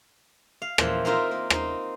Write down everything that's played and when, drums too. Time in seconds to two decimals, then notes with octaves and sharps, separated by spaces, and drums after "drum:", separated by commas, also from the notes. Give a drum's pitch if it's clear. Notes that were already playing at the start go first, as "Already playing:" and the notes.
0.62 F5
0.78 A#2 E3 F3 G5, drum: rim click
1.05 C4 D#4 F4 A#4 E5
1.31 A#3
1.50 C4 D#4, drum: rim click